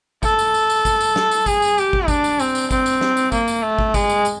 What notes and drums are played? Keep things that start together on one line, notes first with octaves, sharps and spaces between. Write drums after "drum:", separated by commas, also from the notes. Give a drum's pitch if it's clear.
A4, drum: kick, tambourine
drum: tambourine
drum: tambourine
drum: tambourine
drum: kick, tambourine
drum: tambourine
drum: snare
drum: tambourine
G#4, drum: kick, tambourine
drum: tambourine
G4, drum: tambourine
drum: kick
D4, drum: kick, tambourine
drum: tambourine
C4, drum: tambourine
drum: tambourine
C4, drum: kick, tambourine
drum: tambourine
drum: snare
drum: tambourine
A#3, drum: kick, tambourine
drum: tambourine
A3
drum: kick
G#3, drum: kick, tambourine
drum: tambourine
drum: tambourine